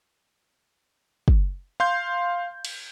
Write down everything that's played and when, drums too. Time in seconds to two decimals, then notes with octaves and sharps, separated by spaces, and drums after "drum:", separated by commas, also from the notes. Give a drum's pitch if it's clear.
1.28 drum: kick
1.80 F5 C6 G6
2.65 drum: cymbal